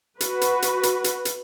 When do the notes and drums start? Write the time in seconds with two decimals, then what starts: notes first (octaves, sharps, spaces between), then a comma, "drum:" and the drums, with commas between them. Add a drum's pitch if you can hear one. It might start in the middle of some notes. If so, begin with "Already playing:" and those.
0.21 F#4 B4, drum: hi-hat
0.41 drum: hi-hat
0.62 drum: hi-hat
0.83 drum: hi-hat
1.04 drum: hi-hat
1.25 drum: hi-hat